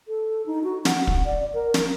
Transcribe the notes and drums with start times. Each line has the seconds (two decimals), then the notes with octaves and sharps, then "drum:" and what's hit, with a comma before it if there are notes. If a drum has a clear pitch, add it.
0.08 A4
0.46 D#4
0.64 F#4
0.85 F#5, drum: snare
1.07 drum: kick
1.25 D5
1.54 A#4
1.74 drum: snare